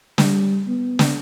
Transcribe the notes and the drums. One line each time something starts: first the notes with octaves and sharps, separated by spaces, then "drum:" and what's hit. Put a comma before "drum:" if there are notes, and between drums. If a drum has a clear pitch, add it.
G3, drum: snare
B3
drum: snare